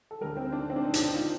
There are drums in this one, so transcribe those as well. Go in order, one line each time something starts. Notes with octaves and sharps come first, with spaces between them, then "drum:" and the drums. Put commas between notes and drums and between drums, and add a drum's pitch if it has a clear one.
A4
D2 D3 G3 A#4
C4
D4
C4
D4
D#4
D4, drum: hi-hat
D#4
F4